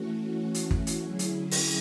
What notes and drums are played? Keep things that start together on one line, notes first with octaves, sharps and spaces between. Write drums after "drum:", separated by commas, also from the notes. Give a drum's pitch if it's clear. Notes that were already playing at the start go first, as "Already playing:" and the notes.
Already playing: E3 A3 C#4 F#4
drum: hi-hat
drum: kick
drum: hi-hat
D3 F#3 C#4 E4 G#4
drum: hi-hat
drum: open hi-hat